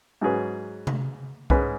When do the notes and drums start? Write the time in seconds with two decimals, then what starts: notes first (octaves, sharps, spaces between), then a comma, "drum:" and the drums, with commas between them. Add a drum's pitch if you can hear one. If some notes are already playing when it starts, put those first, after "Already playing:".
0.21 G#2 F#3 C#4 G#4 B4
0.87 drum: tom C3
1.50 G#2 G#3 C#4 B4, drum: kick C2